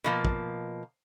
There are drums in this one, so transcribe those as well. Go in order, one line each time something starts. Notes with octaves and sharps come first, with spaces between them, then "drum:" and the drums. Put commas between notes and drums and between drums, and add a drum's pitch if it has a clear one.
B2 F3 A#3
drum: kick